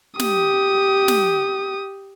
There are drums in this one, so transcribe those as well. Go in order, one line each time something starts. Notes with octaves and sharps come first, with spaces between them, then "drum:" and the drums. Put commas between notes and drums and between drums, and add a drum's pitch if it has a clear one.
G4 D#6, drum: snare
drum: snare